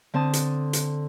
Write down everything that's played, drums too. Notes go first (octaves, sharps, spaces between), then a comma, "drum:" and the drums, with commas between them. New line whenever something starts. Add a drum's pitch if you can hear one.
D3 C4 A4 A5 D#6
drum: hi-hat
drum: hi-hat